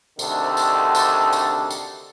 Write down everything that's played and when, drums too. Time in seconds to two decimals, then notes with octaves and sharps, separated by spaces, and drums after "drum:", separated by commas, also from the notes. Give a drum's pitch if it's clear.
0.19 D2 C3 D#3 D4 A4, drum: tambourine
0.57 drum: tambourine
0.95 drum: tambourine
1.33 drum: tambourine
1.70 drum: tambourine